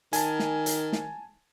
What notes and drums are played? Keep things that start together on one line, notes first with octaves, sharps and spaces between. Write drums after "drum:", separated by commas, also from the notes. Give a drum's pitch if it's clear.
D#3 G#5 A5, drum: hi-hat
drum: snare
drum: hi-hat
drum: snare